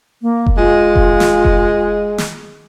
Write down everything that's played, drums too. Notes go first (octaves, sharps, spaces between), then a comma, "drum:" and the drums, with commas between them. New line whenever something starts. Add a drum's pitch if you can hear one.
A#3
drum: kick F1
G#3 F4
drum: kick F1
drum: snare
drum: kick F1
drum: snare